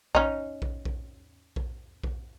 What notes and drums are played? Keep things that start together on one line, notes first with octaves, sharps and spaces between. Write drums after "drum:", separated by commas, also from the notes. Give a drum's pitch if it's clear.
C#4 D#4, drum: kick A#1
drum: kick A#1
drum: kick A#1
drum: kick A#1
drum: kick A#1